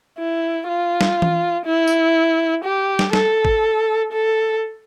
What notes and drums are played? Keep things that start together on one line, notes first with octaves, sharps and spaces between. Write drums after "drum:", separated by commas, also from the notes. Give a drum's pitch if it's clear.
E4
F4
drum: snare
drum: tom E3
E4
drum: tambourine
G4
drum: snare
A4, drum: snare
drum: kick G#1
A4